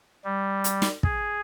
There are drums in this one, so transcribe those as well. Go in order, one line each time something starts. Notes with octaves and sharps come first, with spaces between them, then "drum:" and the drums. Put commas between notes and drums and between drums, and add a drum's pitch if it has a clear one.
G3
drum: hi-hat
drum: snare
G#4, drum: kick